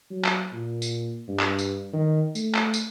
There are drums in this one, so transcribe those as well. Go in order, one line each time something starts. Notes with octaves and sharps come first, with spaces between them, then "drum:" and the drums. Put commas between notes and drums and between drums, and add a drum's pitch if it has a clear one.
F#3
drum: clap
A#2
drum: tambourine
G2
drum: clap
drum: tambourine
D#3
A3, drum: tambourine
drum: clap
drum: tambourine